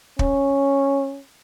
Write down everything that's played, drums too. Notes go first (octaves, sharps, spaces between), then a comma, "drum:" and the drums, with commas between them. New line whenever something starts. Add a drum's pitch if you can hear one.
C#4, drum: kick